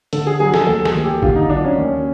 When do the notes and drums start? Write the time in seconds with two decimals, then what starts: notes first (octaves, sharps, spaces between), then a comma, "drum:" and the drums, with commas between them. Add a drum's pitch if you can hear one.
0.13 D3 A4, drum: hi-hat
0.27 G#4
0.40 F#3 G#4
0.54 A4, drum: snare
0.67 D#2 A4
0.85 G#4, drum: snare
0.95 D#2
1.04 G4
1.23 D3 F4, drum: kick A1
1.36 D#4
1.49 F#3 D4
1.64 C#4
1.78 D#2